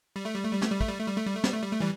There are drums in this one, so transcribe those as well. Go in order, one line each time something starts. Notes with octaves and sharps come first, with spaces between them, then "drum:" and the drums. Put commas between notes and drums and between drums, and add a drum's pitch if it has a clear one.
G3
A3
G3
A3
G3
A3, drum: snare
G3
A3, drum: kick
G3
A3
G3
A3
G3
A3
G3, drum: snare
A3
G3
A3
E3 G3